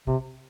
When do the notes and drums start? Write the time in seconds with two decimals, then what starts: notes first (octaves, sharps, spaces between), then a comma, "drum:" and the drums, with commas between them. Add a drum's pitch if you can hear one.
0.07 C3, drum: kick